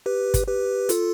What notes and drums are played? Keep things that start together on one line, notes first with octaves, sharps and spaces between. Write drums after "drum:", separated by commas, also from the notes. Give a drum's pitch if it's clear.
G4 B4
drum: kick, hi-hat
G4 B4
F4 A4, drum: hi-hat